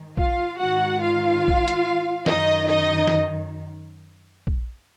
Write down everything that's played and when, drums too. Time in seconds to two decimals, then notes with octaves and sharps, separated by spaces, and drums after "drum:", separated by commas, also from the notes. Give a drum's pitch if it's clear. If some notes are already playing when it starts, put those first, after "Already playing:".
Already playing: G#2 D#3
0.17 F4 F5, drum: kick A#1
0.59 G#2 D#3 F#4 F#5
1.01 F4 F5
1.48 drum: kick A#1
1.68 drum: hi-hat
2.26 F#2 D#3 D#4 D#5, drum: snare
2.68 D#4 D#5
3.07 drum: snare
4.47 drum: kick A#1